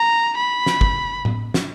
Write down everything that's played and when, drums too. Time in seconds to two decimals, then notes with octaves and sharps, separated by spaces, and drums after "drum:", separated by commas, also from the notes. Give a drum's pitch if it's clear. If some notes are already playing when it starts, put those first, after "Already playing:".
Already playing: A#5
0.37 B5
0.66 drum: snare
0.81 drum: kick
1.25 drum: tom A2
1.54 drum: snare